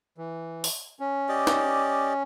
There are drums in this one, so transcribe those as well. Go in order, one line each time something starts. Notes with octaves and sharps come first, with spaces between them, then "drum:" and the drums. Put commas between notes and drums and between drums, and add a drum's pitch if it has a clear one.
E3
drum: open hi-hat
C#4
G4 D5 D#5
drum: snare